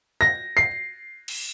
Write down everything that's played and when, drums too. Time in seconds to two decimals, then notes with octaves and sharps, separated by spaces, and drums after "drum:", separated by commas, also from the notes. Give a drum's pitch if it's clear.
0.21 A#6
0.57 C7
1.28 drum: cymbal